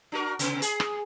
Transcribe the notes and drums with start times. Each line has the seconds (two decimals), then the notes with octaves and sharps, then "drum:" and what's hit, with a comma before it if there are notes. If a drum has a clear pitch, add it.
0.12 D4 F#4 A#4
0.39 C3 B3, drum: hi-hat
0.62 G#4, drum: hi-hat
0.80 drum: rim click